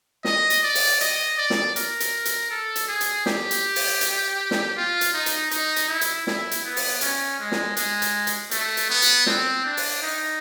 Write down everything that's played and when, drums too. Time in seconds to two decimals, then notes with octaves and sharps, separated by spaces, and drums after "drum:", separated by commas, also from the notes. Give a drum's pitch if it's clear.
0.25 D#5, drum: snare
0.50 drum: hi-hat
0.63 D5
0.75 drum: open hi-hat
1.01 D#5, drum: hi-hat
1.37 D5
1.50 drum: snare
1.76 A#4, drum: hi-hat
2.00 drum: hi-hat
2.25 drum: hi-hat
2.51 A4
2.76 drum: hi-hat
2.88 G#4
3.01 drum: hi-hat
3.26 G4, drum: snare
3.51 drum: hi-hat
3.76 drum: open hi-hat
4.01 drum: hi-hat
4.51 drum: snare
4.76 F4
5.01 drum: hi-hat
5.14 D#4
5.26 drum: hi-hat
5.51 D#4, drum: hi-hat
5.76 drum: hi-hat
5.88 E4
6.01 drum: hi-hat
6.27 E4, drum: snare
6.51 drum: hi-hat
6.65 B3
6.76 drum: open hi-hat
7.01 C#4, drum: hi-hat
7.40 G#3
7.52 drum: snare
7.77 G#3, drum: hi-hat
8.02 drum: hi-hat
8.27 drum: hi-hat
8.51 A3, drum: hi-hat
8.77 drum: hi-hat
8.90 B3
9.02 drum: hi-hat
9.26 C4, drum: snare
9.65 D4
9.77 drum: open hi-hat
10.02 D#4